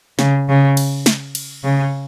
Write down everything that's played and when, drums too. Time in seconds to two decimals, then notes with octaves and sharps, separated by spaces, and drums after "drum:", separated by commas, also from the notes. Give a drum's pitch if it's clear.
0.19 C#3, drum: snare
0.49 C#3
0.77 drum: cymbal
1.06 drum: snare
1.35 drum: cymbal
1.63 C#3